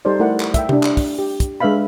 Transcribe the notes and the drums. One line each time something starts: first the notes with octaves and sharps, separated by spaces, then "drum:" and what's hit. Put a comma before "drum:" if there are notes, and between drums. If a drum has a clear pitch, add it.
G3 D#4 G4 A4 C5 D5
A3 E4 A#4 D5 F#5
drum: clap
E5 G5, drum: kick, hi-hat
D4 G4, drum: tom C3
drum: clap
drum: kick, open hi-hat
G4
drum: kick, hi-hat
G#3 D4 B4 E5 F5 B5